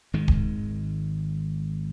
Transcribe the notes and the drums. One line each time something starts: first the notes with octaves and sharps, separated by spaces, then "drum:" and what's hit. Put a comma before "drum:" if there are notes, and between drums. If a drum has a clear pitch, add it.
G#1 D#3 G#3
drum: kick